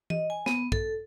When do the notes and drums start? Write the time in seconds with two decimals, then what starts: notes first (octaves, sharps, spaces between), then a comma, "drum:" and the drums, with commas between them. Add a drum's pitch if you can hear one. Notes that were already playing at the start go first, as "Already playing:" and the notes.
0.10 D#5, drum: tom E3
0.30 G#5
0.46 B3, drum: snare
0.72 A4, drum: kick